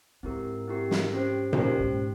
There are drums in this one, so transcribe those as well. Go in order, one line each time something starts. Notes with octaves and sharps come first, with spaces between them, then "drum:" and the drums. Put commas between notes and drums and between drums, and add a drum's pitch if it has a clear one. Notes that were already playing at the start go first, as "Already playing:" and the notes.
G#2 C4 E4 G4 A#4
C4 E4 G4 A#4
drum: snare
C#4 G4 C5
C3, drum: tom B2
A#2 C#4 G4 C5
G#2